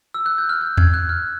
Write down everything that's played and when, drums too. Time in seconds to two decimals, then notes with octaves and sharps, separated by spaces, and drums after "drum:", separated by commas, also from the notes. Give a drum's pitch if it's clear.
0.14 E6
0.26 F#6
0.38 G6
0.49 F6
0.61 G6
0.77 G#6, drum: tom E2
0.94 F#6
1.09 F6